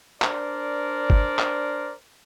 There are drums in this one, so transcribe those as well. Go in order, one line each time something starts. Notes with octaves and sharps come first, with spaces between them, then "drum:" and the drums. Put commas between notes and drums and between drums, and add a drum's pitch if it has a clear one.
D4 A#4 C5 D5, drum: clap
drum: kick G1
drum: clap